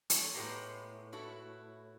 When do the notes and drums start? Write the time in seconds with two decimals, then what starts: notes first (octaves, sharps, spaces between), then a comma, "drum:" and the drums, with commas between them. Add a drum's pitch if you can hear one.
0.10 A4 C#5 A5, drum: hi-hat
0.34 A2 G#3 B3 G4 A#5 C6
1.12 E4 F#4 A4 B5